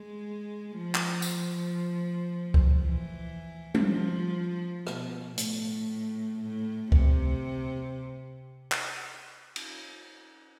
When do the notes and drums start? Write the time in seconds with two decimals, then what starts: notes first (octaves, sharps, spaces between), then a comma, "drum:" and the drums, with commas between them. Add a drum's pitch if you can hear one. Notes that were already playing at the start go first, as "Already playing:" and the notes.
Already playing: G#3
0.76 F3
0.95 drum: clap
1.22 drum: tambourine
2.54 drum: kick C#2
2.82 E3
3.74 drum: tom G3
3.84 F3
4.87 B2, drum: rim click
5.38 A2, drum: hi-hat
6.40 A2
6.92 C3, drum: kick C#2
8.71 drum: clap
9.56 drum: cymbal